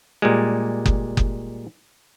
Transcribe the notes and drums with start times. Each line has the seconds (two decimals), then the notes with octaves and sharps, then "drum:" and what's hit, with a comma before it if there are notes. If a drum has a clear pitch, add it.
0.22 A#2 G3 G#3
0.86 drum: kick F#1
1.17 drum: kick F#1